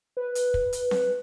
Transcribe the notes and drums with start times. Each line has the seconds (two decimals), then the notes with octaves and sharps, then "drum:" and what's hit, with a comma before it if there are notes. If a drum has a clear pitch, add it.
0.17 B4
0.35 drum: hi-hat
0.54 drum: kick
0.73 drum: hi-hat
0.91 drum: snare C4